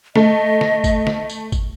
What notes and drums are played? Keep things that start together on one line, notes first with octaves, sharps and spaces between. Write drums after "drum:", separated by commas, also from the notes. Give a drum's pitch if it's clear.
A3 D#5, drum: snare
drum: snare
drum: kick, tambourine
drum: snare
drum: tambourine
drum: kick, tambourine